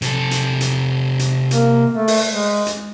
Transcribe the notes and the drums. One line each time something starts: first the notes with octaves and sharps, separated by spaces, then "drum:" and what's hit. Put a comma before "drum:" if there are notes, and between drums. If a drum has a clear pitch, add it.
C3 A4, drum: hi-hat
drum: hi-hat
drum: hi-hat
drum: hi-hat
A#3, drum: hi-hat
A3
drum: open hi-hat
G#3
drum: hi-hat